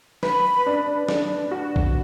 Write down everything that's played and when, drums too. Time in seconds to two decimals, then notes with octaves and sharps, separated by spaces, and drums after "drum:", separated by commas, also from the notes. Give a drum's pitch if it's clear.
0.23 B4 B5, drum: snare
0.66 D4
1.09 D4, drum: snare
1.51 F#4
1.76 drum: kick A#1